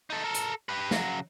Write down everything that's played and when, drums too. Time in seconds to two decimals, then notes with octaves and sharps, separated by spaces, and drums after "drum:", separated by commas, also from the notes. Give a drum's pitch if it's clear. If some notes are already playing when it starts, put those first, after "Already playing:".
0.10 D#4 A4
0.24 A4 A#4
0.35 drum: hi-hat
0.69 G4 B4
0.91 C#3 F#3, drum: snare